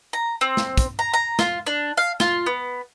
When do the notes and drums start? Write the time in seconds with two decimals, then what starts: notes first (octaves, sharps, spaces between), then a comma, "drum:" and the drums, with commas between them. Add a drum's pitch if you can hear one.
0.13 A#5
0.41 C4
0.57 drum: snare
0.77 drum: kick, hi-hat
0.99 A#5
1.14 A#5
1.39 F4, drum: snare
1.66 D4
1.97 F5
2.20 F4, drum: snare
2.46 B3